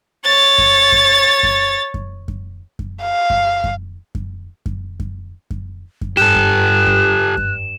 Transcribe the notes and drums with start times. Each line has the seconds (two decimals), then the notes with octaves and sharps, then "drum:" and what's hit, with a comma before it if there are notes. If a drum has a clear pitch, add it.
0.24 C#5 A6
0.58 drum: kick F#2
0.92 drum: kick F#2
1.43 drum: kick F#2
1.94 drum: kick F#2
2.28 drum: kick F#2
2.79 drum: kick F#2
3.02 F5
3.30 drum: kick F#2
3.64 drum: kick F#2
4.15 drum: kick F#2
4.66 drum: kick F#2
5.00 drum: kick F#2
5.51 drum: kick F#2
6.01 drum: kick F#2
6.17 G2 G4 A4 F#6 E7
6.35 drum: kick F#2
6.86 drum: kick F#2
7.37 drum: kick F#2